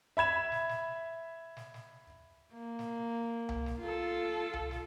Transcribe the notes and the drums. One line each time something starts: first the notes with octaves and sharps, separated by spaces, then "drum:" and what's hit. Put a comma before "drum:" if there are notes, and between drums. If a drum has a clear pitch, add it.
E5 B5 G#6 E7
drum: snare
drum: snare
drum: snare
drum: snare
A#3
drum: snare
drum: tom C2
drum: snare
F4 A4
drum: tom C2
drum: snare